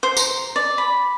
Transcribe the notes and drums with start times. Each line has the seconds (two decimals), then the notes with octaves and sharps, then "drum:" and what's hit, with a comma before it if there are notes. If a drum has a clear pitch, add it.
0.03 C5
0.17 A#5, drum: tambourine
0.56 D5
0.78 B5